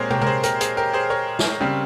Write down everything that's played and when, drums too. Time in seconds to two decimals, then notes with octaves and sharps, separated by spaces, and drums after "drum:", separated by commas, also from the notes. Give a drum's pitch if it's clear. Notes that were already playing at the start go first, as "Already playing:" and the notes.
Already playing: A#2 G#3 C4 G4 G#4 A#4 C5 C#5
0.10 G4 A#4, drum: tom
0.22 A#4, drum: tom C3
0.27 G#4 C5
0.43 G4 A#4, drum: hi-hat
0.61 G#4 C5, drum: hi-hat
0.77 G4 A#4
0.93 G#4 C5
1.10 A#4 C#5
1.39 drum: snare
1.60 C#3 G3 C4